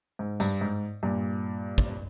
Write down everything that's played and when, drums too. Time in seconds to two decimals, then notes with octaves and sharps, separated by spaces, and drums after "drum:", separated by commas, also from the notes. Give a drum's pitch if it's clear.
0.19 G#2
0.40 G2, drum: tambourine
0.61 G#2
1.03 G2 A#2
1.78 drum: kick